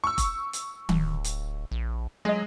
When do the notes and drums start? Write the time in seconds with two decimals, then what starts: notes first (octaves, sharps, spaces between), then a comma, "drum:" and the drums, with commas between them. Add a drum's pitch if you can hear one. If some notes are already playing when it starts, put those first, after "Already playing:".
0.04 C#6 E6
0.18 drum: kick F1, hi-hat
0.53 drum: hi-hat
0.89 D1, drum: tom D#3
1.24 drum: hi-hat
1.71 A#1
2.25 F#3 G#3 D#5